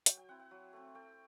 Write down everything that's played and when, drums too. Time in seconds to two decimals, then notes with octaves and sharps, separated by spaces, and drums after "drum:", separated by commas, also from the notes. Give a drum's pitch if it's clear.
0.06 F#3 G5, drum: hi-hat
0.17 G5
0.29 C4 E4 F#5
0.39 F#5
0.51 F#3
0.73 A3 C4
0.95 A3 G5